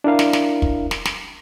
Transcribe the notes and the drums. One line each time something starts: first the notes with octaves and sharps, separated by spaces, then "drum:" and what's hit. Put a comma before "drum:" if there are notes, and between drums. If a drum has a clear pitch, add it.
D4 E4 A#4 F5
drum: snare
drum: snare
drum: kick
drum: snare
drum: snare